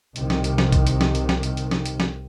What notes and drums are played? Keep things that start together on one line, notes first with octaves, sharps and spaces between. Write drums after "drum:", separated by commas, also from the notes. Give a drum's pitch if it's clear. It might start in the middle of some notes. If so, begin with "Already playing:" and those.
C2 C3 D#3, drum: hi-hat
drum: snare
drum: hi-hat
drum: snare
drum: kick B1, hi-hat
drum: hi-hat
drum: snare
drum: hi-hat
drum: snare
drum: hi-hat
drum: hi-hat
drum: snare
drum: hi-hat
drum: snare